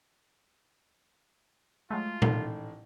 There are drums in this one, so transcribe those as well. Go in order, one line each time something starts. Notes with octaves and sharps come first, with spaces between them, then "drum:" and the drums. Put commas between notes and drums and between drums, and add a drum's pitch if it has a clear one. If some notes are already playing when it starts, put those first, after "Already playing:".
F#3 G#3 A3 F4
A1 A2 D#3, drum: tom A#2